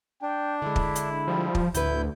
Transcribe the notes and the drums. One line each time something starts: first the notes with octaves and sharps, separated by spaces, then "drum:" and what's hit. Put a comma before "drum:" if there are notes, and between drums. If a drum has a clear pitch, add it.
D4 G5
D3 G#3 E4
drum: kick
drum: hi-hat
F3 G3
drum: kick
D2 A2 E4 B4 G6, drum: hi-hat